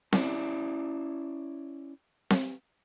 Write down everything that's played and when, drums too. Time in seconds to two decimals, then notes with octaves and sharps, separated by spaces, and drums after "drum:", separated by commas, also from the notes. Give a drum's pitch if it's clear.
0.13 C#4 E4 C5 D5 E5, drum: snare C4
2.30 drum: snare C4